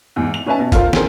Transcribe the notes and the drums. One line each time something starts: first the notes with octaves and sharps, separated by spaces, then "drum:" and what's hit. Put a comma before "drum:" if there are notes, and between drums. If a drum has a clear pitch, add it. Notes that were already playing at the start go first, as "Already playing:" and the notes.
E2 G#2
F7
C#4 D#4 B4 E5 G#5 A5
B2
F4 A4 A#4 C5 F5, drum: kick, hi-hat
C4 G#4 A#4 C5 G#5, drum: snare